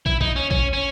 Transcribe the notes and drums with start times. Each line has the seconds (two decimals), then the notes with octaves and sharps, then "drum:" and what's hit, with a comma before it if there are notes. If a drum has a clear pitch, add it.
0.06 E4, drum: kick
0.21 D#4, drum: kick
0.36 C#4
0.51 C#4, drum: kick
0.73 C#4